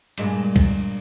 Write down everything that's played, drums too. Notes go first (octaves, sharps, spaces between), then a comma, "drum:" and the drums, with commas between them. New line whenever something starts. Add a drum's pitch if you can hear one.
G2 A#2 G#3, drum: cymbal
drum: kick C2, cymbal